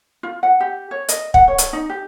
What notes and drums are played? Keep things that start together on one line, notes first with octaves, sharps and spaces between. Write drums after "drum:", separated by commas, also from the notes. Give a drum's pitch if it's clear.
F4
F#5
G4
C#5
D#5, drum: hi-hat
F#5, drum: kick
C#5
drum: hi-hat
D#4
G4